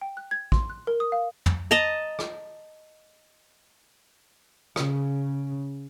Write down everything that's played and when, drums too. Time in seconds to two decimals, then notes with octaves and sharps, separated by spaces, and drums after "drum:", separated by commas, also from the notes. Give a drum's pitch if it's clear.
0.01 G5
0.17 F#6
0.31 G#6
0.52 C6, drum: kick
0.70 F#6
0.87 A#4
1.00 D#6
1.12 F5
1.46 drum: tom
1.71 D#5 A5 A#5
2.19 drum: rim click
4.76 C#3, drum: rim click